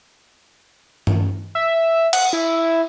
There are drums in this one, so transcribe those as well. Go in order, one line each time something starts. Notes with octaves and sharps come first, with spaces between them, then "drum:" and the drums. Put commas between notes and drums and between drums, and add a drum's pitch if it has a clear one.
drum: tom G2
E5
F#5, drum: cymbal
E4